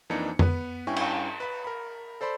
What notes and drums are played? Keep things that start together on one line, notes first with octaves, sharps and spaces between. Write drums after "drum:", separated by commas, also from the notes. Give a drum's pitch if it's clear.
F2 E3 A#3 D4 D#4 C#7
B3 B4, drum: tom F2
G2 C#4 E4 G5 G#5 C#6
drum: cymbal
B4 B5
A#4 B5
A4 C5 D5 B5 C6